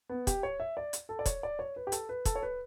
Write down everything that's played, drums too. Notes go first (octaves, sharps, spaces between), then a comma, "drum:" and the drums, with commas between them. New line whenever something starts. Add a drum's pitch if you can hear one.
B3
G4, drum: kick, hi-hat
C#5
E5
D5
drum: hi-hat
A4
D5
C#5, drum: kick, hi-hat
D5
C#5
B4
G4
A4, drum: hi-hat
B4
A4, drum: kick, hi-hat
C#5
B4